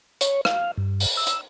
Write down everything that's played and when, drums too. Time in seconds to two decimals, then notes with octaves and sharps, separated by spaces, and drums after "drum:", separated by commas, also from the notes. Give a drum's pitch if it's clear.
0.21 C#5, drum: hi-hat
0.45 F5, drum: rim click
0.77 G2
1.00 drum: open hi-hat
1.17 E6
1.27 drum: hi-hat